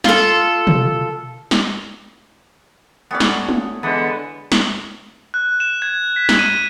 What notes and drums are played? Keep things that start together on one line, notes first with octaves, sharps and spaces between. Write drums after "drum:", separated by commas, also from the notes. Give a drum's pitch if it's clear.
F4 A4, drum: snare
drum: tom
drum: snare
A3 B3 C#4 C#5 D5
drum: snare
drum: tom G#3
D3 E3 G#3 B3 G#5 A5 B5 D#6
drum: snare
F#6
E7
G#6
B6
drum: snare
D#7